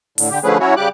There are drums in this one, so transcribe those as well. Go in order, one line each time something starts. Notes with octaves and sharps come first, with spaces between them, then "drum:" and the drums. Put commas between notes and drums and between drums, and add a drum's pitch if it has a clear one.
A2 D3, drum: open hi-hat
D3 G4
D3 F3 A3 C#4 G#4 B4
F#3 C#4 E4 F#4 C#5
C#3 G3 G4 D6 F#6